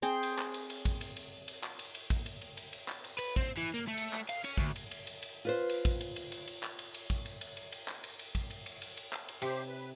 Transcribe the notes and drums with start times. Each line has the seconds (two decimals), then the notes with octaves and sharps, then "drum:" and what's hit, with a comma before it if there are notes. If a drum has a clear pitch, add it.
0.02 C4 G#4 G5
0.23 drum: cymbal
0.39 drum: clap
0.54 drum: cymbal
0.70 drum: cymbal
0.85 drum: kick, cymbal
1.01 drum: cymbal
1.17 drum: cymbal
1.48 drum: cymbal
1.63 drum: clap
1.79 drum: cymbal
1.95 drum: cymbal
2.10 drum: kick, cymbal
2.26 drum: cymbal
2.42 drum: cymbal
2.57 drum: cymbal
2.73 drum: cymbal
2.88 drum: clap
3.04 drum: cymbal
3.19 B4, drum: cymbal
3.36 C4, drum: kick
3.58 E3
3.74 A#3
3.88 A3
3.98 drum: cymbal
4.13 drum: clap
4.29 F5, drum: cymbal
4.44 C#4, drum: cymbal
4.57 D2, drum: kick
4.76 drum: cymbal
4.91 drum: cymbal
5.07 drum: cymbal
5.23 drum: cymbal
5.45 F4 B4 C5
5.69 drum: cymbal
5.85 drum: kick, cymbal
6.01 drum: cymbal
6.16 drum: cymbal
6.32 drum: cymbal
6.47 drum: cymbal
6.63 drum: clap
6.79 drum: cymbal
6.94 drum: cymbal
7.10 drum: kick, cymbal
7.26 drum: cymbal
7.41 drum: cymbal
7.57 drum: cymbal
7.72 drum: cymbal
7.88 drum: clap
8.04 drum: cymbal
8.19 drum: cymbal
8.35 drum: kick, cymbal
8.50 drum: cymbal
8.66 drum: cymbal
8.82 drum: cymbal
8.97 drum: cymbal
9.13 drum: clap
9.29 drum: cymbal
9.42 C3 G4 C5, drum: cymbal
9.68 B4